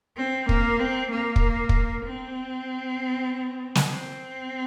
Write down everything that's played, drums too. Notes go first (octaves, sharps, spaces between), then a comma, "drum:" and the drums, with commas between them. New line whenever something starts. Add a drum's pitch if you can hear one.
C4
A#3, drum: kick
C4
A#3
drum: kick
drum: kick
C4
drum: snare
C4